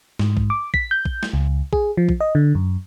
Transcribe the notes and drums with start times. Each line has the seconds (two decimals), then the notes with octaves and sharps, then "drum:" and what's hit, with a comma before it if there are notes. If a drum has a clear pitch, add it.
0.19 G#2, drum: snare
0.37 drum: kick A#1
0.50 D6
0.74 B6, drum: kick A#1
0.91 G6
1.05 drum: kick A#1
1.23 drum: snare
1.33 C#2
1.73 G#4, drum: kick A#1
1.97 F3
2.09 drum: kick A#1
2.21 D#5
2.35 D3
2.55 F#2